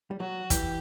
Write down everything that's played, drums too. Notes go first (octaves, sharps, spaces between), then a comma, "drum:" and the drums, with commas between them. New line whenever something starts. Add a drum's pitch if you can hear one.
G3
F#3 F#4
E3 G4, drum: kick, hi-hat